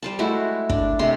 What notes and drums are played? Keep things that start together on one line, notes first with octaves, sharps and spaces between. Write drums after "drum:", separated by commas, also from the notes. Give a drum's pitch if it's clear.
G3 C5 A5
G#3 A3 E4 F#4
D4, drum: kick
C3 G#3 A3 C6